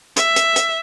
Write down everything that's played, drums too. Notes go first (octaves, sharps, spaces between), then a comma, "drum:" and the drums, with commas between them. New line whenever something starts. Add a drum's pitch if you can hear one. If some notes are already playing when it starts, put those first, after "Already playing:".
E5, drum: hi-hat
drum: hi-hat
drum: hi-hat